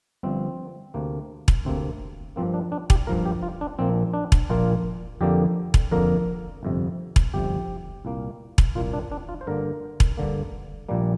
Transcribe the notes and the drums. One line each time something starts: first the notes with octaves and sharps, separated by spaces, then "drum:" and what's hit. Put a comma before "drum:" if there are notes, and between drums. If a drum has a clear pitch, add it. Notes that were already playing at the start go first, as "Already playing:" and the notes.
G1 G2 F3 C4
D2 C3 A#3
drum: kick E1
D2 C3 A#3 C4
G2 F3 A#3 C4
D4
D4
G4, drum: kick E1
G2 F3 A#3 A#4
G4
F4
D4
A#1 A#2 A#3 C4
D4
drum: kick E1
A#1 A#2 A#3 F4
F2 D3 A#3 G4
drum: kick E1
F2 D3 A#3 A#4
G1 F2 C3
drum: kick E1
G1 F2 C3 G4
C2 A#2 A#3
drum: kick E1
C2 A#2 A#3 F4
D4
D4
F4
C5
G2 D3 A#3 A#4
drum: kick E1
G2 D3 A#3
A#1 A#2 G3 A#3